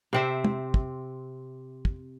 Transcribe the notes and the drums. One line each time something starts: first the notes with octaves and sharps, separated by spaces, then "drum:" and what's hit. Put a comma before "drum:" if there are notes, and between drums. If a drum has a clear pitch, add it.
C3 C4 E5
drum: tom
drum: kick
drum: kick